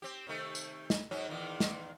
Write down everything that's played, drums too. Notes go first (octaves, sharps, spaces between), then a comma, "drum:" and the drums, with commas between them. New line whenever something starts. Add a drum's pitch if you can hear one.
C4 G4
C3 D#3 A3
drum: tambourine
drum: snare
G#2 F#3 C#4
E2 A#2 D#3
drum: snare